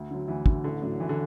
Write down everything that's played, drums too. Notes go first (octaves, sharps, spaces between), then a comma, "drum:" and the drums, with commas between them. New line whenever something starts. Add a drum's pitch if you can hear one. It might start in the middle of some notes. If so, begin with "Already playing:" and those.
Already playing: D2
D3 F#3
D2 E3
D3 F#3, drum: kick
A1 D3
A2 F#3 D4
A1 E3
D3